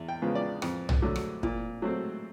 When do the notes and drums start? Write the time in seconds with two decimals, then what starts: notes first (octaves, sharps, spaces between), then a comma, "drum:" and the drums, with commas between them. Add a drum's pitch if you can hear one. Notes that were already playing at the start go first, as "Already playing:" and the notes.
Already playing: E2
0.09 G5
0.22 C#3 F3 G#3 B3
0.35 D5
0.62 F2, drum: rim click
0.89 drum: tom B1
1.02 D3 F#3 A3
1.16 drum: rim click
1.43 A#2, drum: kick
1.82 F#3 A3 C4